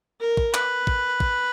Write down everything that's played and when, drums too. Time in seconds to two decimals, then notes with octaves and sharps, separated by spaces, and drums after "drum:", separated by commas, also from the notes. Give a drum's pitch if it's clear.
0.21 A#4
0.37 drum: kick
0.54 B4, drum: clap
0.87 drum: kick
1.20 drum: kick